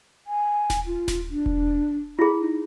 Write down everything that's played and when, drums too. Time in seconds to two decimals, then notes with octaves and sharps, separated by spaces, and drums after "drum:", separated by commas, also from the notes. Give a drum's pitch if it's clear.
0.27 G#5
0.70 drum: snare D#1
0.86 F4
1.08 drum: snare D#1
1.30 D4
1.46 drum: kick E1
2.19 E4 G#4 B5
2.41 D#4